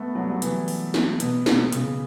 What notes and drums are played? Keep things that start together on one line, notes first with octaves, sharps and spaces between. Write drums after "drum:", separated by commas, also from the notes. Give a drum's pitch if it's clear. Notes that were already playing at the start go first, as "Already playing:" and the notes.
Already playing: A3 B3
F#3
G3
F#3
E3, drum: hi-hat
drum: open hi-hat
drum: snare
B2, drum: hi-hat
B2, drum: snare
C#3, drum: hi-hat